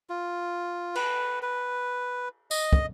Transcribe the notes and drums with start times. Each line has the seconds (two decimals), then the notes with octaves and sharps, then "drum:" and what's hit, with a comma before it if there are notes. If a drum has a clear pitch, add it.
0.09 F4
0.95 B4, drum: cymbal
1.42 B4
2.51 D#5, drum: tambourine
2.73 drum: kick